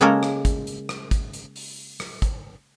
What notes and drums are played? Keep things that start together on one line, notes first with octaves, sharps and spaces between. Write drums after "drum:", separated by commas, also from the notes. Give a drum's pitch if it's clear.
C#3 G#3 A#3 C#4 A4 A#4
drum: rim click
drum: kick, hi-hat
drum: hi-hat
drum: rim click
drum: kick, hi-hat
drum: hi-hat
drum: open hi-hat
drum: rim click
drum: kick, hi-hat